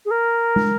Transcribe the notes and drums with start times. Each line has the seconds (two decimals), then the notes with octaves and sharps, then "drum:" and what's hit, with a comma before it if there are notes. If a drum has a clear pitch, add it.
0.05 G#4
0.11 A#4
0.56 drum: tom